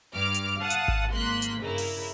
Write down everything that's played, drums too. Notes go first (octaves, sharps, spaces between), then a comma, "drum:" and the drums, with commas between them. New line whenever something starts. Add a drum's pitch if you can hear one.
G2 D6 F6
drum: hi-hat
F5 F#5 A5 D#6
drum: hi-hat
drum: kick G#1
G#1 A#3 C6 F#6 B6
drum: hi-hat
G2 C#3 A#3 E4
drum: open hi-hat